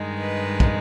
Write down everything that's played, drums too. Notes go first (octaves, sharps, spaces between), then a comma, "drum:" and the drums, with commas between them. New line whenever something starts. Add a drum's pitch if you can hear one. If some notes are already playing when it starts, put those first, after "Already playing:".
Already playing: G2 D#3 G#3
B4
drum: kick